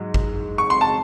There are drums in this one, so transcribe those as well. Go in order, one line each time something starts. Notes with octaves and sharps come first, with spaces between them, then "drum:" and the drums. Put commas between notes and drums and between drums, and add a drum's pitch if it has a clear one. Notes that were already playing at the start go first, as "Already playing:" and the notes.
Already playing: G#2 F#3
drum: kick G#1
C#6
C6
A5